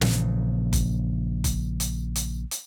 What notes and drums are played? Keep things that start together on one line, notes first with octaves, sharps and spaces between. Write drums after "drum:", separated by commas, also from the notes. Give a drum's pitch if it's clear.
A#1 C#3 E3, drum: snare
drum: kick F#1, hi-hat
drum: kick F#1, hi-hat
drum: hi-hat
drum: hi-hat
drum: hi-hat